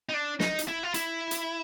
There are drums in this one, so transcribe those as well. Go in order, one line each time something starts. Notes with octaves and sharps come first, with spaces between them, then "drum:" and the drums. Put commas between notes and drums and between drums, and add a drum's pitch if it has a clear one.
D#4
D4
D#4, drum: snare
drum: hi-hat
E4
F4
E4, drum: hi-hat
drum: hi-hat